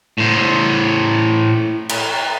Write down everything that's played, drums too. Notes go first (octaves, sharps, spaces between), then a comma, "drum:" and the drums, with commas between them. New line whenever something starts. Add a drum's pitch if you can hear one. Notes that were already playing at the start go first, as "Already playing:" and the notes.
A2 C5
drum: cymbal